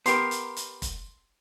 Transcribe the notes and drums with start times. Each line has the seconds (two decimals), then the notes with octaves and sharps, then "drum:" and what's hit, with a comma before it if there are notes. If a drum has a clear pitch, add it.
0.06 B3 G4 A#4 C6, drum: hi-hat
0.31 drum: hi-hat
0.57 drum: hi-hat
0.82 drum: kick F1, hi-hat